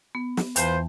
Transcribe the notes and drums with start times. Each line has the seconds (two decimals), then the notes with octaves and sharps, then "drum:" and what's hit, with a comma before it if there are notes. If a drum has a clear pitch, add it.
0.15 B3
0.37 drum: snare
0.56 E2 E3 F4 B4 C5 A5, drum: hi-hat